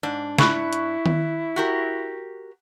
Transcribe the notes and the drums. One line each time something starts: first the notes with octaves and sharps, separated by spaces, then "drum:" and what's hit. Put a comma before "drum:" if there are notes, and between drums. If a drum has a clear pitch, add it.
G#2 D4
E4 B5 C#6 F#6, drum: snare
drum: hi-hat
drum: tom D#3
F#4 G4 A#4